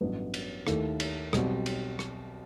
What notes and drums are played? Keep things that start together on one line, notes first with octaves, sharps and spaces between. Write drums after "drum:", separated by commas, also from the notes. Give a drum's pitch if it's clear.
A1 G2 F#3 B3 E4
drum: cymbal
D#2 D#3 A3 E4 A4, drum: rim click
drum: cymbal
B1 B2 G3 C4 F#4, drum: rim click
drum: cymbal
drum: rim click